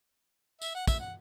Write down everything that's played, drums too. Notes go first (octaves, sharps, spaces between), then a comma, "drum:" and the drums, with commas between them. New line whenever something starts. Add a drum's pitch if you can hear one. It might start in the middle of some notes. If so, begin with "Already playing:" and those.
E5, drum: tambourine
F#5
E5, drum: kick, tambourine
F#5